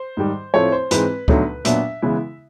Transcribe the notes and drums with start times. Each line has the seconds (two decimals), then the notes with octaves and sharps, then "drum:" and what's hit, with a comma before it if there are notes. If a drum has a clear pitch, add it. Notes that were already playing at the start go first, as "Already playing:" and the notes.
Already playing: C5
0.17 G#2 D#3 G3
0.54 A2 F3 A3 C4 E4 C#5
0.72 C5
0.91 G#2 E3 G#3 C4 B4, drum: hi-hat
1.28 D2 D3 F#3 B3 D#4, drum: kick C#2
1.65 A#2 F#3 B3 D4 E5, drum: hi-hat
2.02 C#3 E3 G#3 B3 E4